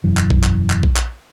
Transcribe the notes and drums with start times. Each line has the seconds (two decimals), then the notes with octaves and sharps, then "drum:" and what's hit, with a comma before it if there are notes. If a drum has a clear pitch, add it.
0.04 E1 F#2 E3
0.17 drum: clap
0.30 drum: kick A#1
0.44 drum: clap
0.70 drum: clap
0.83 drum: kick A#1
0.96 drum: clap